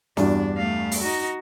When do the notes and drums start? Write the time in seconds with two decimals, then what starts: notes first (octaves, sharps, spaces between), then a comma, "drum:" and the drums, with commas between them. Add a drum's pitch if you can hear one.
0.17 E2 G2 D4 F#4, drum: snare
0.57 A3 F5
0.92 drum: open hi-hat
1.01 D#4 F#4